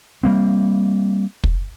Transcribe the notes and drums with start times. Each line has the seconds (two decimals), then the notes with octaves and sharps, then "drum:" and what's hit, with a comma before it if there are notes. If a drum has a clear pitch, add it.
0.23 G3 A#3 C4
1.44 drum: kick